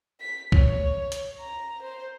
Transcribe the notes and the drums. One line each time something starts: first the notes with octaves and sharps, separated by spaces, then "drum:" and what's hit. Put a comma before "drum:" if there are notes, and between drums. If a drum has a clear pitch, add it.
B6
C#5, drum: kick C2
drum: hi-hat
A#5
C5